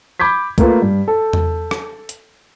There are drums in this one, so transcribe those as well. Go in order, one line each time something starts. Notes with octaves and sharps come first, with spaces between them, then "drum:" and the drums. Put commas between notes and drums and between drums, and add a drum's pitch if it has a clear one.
B5 D6 G6 G#6 B6
A3 A#3 F4 B4, drum: kick, hi-hat
G2
A4
drum: tom E2
drum: rim click
drum: hi-hat